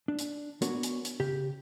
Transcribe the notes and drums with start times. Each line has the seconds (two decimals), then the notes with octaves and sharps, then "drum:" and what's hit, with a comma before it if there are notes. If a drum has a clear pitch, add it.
0.08 D4
0.19 drum: hi-hat
0.62 B3 D4 F#4 A#4 C#5, drum: hi-hat
0.83 drum: hi-hat
1.05 drum: hi-hat
1.20 C#3 G4